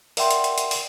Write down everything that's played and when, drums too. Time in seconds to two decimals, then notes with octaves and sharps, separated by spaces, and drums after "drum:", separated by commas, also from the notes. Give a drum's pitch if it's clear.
0.17 A#4 D5 E5 F#5 G5 C6, drum: open hi-hat
0.31 drum: hi-hat
0.44 drum: hi-hat
0.58 drum: hi-hat
0.71 drum: open hi-hat